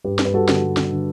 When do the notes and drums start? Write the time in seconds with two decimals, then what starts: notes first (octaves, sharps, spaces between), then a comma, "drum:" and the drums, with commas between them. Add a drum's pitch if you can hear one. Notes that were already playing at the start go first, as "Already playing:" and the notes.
0.04 G2 G4 B4
0.19 G2, drum: snare
0.25 B4
0.33 G3 F#4 A4
0.49 D3, drum: snare
0.62 G3
0.77 D3, drum: snare
0.92 D3